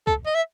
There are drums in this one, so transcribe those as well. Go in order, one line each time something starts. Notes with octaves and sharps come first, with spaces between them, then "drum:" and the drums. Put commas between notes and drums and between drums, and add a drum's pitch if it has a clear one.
A4, drum: kick C#2
D#5
E5